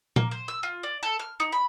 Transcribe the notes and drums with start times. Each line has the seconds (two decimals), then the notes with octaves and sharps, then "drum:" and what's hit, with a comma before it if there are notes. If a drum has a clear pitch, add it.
0.16 A#3, drum: tom A#2
0.31 C5
0.48 E6
0.63 F4
0.83 D5
1.03 A4
1.19 F6
1.40 D#4
1.52 B5